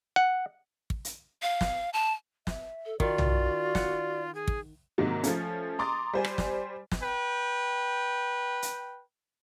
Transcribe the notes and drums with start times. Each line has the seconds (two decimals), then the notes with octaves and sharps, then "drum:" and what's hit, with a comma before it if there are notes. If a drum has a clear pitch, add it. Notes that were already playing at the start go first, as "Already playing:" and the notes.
0.16 F#5
0.90 drum: kick
1.05 drum: hi-hat
1.42 F5
1.61 drum: snare
1.93 A5
2.47 E5, drum: snare
2.86 A4
3.00 D#3 F4 F#4 D5, drum: kick
3.18 drum: tom B1
3.75 F#5, drum: snare
4.35 G#4
4.48 drum: kick
4.98 G#2 C3 D#3 F#3 A#3
5.24 F3 A3 C#4, drum: hi-hat
5.79 A#5 C6 D6 D#6 A6
6.13 G3 C5 G#5
6.24 drum: rim click
6.38 drum: snare
6.92 drum: snare
7.02 B4 G5
8.62 drum: hi-hat